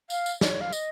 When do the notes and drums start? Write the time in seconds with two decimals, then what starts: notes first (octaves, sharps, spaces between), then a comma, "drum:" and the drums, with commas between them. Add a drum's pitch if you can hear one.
0.10 F5, drum: tambourine
0.26 drum: tambourine
0.41 C#5, drum: snare
0.61 F5
0.73 D#5, drum: tambourine